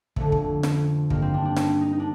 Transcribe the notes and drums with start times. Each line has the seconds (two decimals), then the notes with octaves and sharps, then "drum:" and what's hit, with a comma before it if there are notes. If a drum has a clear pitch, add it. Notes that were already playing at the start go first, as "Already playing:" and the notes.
0.16 F2 D3 A3, drum: kick
0.32 drum: kick
0.63 drum: snare
1.10 G2 D#3 A#3, drum: kick
1.22 C4
1.34 D4
1.45 D4
1.57 D#4, drum: snare
1.81 D#4
1.93 D#4
2.00 D4